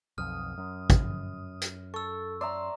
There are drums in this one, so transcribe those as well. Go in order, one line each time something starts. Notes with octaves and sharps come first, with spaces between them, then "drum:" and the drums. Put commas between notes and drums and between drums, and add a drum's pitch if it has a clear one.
B1 F2 D#6 F6
F#2
drum: kick, hi-hat
drum: hi-hat
A4 C#6 E6
D5 E5 A#5 C6